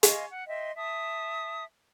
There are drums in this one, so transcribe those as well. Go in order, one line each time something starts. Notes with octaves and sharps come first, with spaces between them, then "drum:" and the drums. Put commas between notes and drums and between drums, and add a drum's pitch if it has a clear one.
D#5 F5 G#5 C6, drum: hi-hat
F#5
D#5 E5 G5 C6
E5 A5 D#6